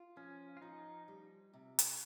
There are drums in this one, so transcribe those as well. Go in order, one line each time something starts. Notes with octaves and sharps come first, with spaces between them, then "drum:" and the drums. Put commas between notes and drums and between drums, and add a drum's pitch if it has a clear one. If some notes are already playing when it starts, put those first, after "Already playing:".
Already playing: F4
F3 C#4
F4
F3 D#4
G3
C3
drum: hi-hat